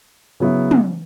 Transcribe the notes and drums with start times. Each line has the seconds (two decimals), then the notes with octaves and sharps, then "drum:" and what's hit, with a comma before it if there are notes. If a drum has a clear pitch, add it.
0.40 C#3 F#3 B3 E4
0.71 drum: tom